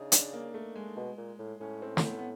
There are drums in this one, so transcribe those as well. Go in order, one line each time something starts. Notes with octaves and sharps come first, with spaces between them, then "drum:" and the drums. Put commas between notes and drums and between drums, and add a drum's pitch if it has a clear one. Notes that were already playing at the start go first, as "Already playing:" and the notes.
Already playing: C#3 D4 D#4
D4, drum: hi-hat
A#3
A3
G#3
B2
A#2
A2
A2 C#4
C4
C4, drum: snare
B3
B3